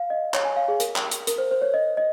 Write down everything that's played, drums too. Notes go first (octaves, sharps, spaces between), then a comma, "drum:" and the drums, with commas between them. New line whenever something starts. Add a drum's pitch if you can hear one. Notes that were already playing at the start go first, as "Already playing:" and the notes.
Already playing: F5
D#5
C#5, drum: clap
G#5
F5
G#4
A#4, drum: hi-hat
drum: clap
drum: hi-hat
A#4, drum: hi-hat
C5
C5
C#5
D#5
D#5